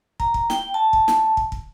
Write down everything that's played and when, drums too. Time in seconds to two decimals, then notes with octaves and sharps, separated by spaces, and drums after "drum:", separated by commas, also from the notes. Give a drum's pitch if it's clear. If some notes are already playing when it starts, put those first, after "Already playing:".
0.20 A#5, drum: kick
0.34 drum: kick
0.50 G5, drum: snare
0.74 A5
0.93 drum: kick
1.08 drum: snare
1.37 drum: kick
1.52 drum: kick